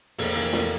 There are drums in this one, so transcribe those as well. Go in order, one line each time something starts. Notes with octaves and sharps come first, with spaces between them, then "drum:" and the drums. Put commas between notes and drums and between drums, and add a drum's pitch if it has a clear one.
F1 A#3, drum: open hi-hat
E3 A#3
F1 A#3, drum: snare